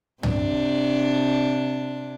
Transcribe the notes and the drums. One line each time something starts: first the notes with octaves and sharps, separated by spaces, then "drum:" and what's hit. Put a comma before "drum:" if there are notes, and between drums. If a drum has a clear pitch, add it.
C3 D4, drum: tom